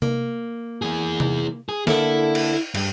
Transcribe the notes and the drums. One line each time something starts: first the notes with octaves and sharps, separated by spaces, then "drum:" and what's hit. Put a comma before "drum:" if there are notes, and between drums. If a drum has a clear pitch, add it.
A#3, drum: tom C3
E3 G#4
drum: tom C3
G#4
D3 A#3 E4 A4, drum: snare
drum: cymbal
G2, drum: cymbal